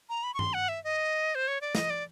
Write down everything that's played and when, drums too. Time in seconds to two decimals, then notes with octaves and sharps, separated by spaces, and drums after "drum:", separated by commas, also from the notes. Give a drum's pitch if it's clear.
0.09 A#5
0.23 B5
0.34 C#6
0.39 C6, drum: tom G2
0.54 F#5
0.69 E5
0.84 D#5
1.35 C5
1.48 C#5
1.61 D5
1.75 D#5, drum: snare
1.90 D5